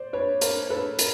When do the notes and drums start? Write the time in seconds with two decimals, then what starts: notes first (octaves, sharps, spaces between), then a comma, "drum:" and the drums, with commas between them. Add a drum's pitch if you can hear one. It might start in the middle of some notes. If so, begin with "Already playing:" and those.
Already playing: C5 D5
0.13 B4 C#5
0.41 A#4 C5, drum: hi-hat
0.70 A4 B4
0.99 A#4, drum: hi-hat